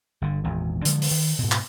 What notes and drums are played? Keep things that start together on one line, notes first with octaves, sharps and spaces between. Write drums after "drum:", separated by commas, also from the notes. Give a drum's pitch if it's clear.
G1 D3
G#1 E2 A#2
D3 F3 F#3 G#3, drum: hi-hat
drum: open hi-hat
D#3
G#2 B2
drum: clap